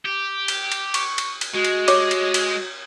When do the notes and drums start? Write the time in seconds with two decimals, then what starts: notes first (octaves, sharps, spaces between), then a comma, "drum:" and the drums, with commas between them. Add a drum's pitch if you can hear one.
0.05 G4
0.48 drum: cymbal
0.72 drum: cymbal
0.94 C#6, drum: cymbal
1.18 drum: cymbal
1.41 drum: cymbal
1.54 G#3 F#4
1.65 drum: cymbal
1.88 G4 C#5 D6, drum: cymbal
2.11 drum: cymbal
2.34 drum: cymbal